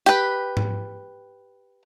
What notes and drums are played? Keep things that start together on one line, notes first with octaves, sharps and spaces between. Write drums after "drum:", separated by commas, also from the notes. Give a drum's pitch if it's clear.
G4 B4, drum: hi-hat
drum: tom G#2